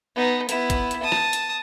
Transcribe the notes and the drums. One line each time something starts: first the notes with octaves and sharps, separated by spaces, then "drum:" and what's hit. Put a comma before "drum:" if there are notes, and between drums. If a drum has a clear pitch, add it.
B3 D#4
B3 E4, drum: hi-hat
drum: kick, hi-hat
drum: hi-hat
A5 D#6
drum: rim click
drum: hi-hat